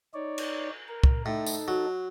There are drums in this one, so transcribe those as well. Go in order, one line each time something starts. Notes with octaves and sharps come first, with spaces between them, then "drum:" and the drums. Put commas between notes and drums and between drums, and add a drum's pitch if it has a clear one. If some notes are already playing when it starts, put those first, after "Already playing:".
D#4 C#5 D5
drum: cymbal
A#4
drum: kick C2
A2 D#4 A4
drum: tambourine
F#3